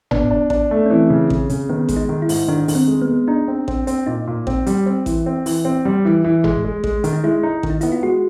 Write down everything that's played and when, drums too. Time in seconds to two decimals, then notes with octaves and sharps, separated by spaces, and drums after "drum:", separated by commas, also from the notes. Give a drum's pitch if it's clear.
0.11 B3 D4, drum: tom G1
0.31 D4
0.50 D4, drum: kick A1
0.71 A3
0.86 C#4
0.90 E3 C4
1.10 C#3
1.30 C#3, drum: kick A1
1.50 C#3, drum: hi-hat
1.69 D#3 B3
1.89 G#3, drum: kick A1, hi-hat
1.96 D#4
2.09 D#3
2.22 E4
2.29 G#2, drum: open hi-hat
2.48 D#3 D4
2.68 D#3, drum: open hi-hat
2.75 C4
2.88 G#3
3.02 B3
3.08 G#3
3.28 D4 D#4
3.48 C4
3.68 C4, drum: kick A1
3.87 C4, drum: hi-hat
4.06 A#2 D#4
4.27 A#2
4.47 C4, drum: kick A1
4.66 G3, drum: hi-hat
4.86 C4
5.06 E3, drum: kick A1, hi-hat
5.26 C4
5.46 E3, drum: open hi-hat
5.65 C4
5.85 G3
6.05 E3
6.24 E3
6.44 G#3, drum: tom G1
6.65 G#3
6.84 G#3, drum: kick A1
7.04 D#3, drum: hi-hat
7.13 D#4
7.24 G#3 E4
7.43 D#4
7.63 D#3, drum: kick A1
7.70 D#4
7.81 B3 E4, drum: hi-hat
7.92 F4
8.03 G#3 F#4